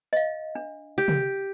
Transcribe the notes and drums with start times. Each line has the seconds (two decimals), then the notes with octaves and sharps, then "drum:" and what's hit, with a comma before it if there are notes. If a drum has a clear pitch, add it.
0.13 D#5 F5
0.55 D4
0.98 G4
1.08 drum: tom C3